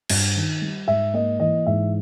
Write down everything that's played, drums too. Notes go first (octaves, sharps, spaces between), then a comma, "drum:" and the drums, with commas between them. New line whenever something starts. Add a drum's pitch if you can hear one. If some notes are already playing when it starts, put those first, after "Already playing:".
G2, drum: cymbal
D#3
G3
G#2 E5
A#3 D#5
E3 D#5
G#2 E5